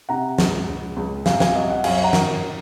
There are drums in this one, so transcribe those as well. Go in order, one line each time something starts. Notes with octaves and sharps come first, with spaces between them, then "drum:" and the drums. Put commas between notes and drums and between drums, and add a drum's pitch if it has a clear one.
C3 F#5 A#5
C#2, drum: snare
C#2
C#2
C2 F5 G#5, drum: snare
F5 G#5, drum: snare
C2 D#5 F#5
D#5 F#5
F#2 F5 G#5, drum: cymbal
F#5 A#5
D#3, drum: snare